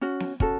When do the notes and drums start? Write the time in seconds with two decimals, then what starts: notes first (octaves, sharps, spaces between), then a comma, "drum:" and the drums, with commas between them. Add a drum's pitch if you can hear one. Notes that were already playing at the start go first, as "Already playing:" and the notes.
0.01 C#4 F#4
0.20 drum: snare B3
0.40 C#4 F#4 A4, drum: kick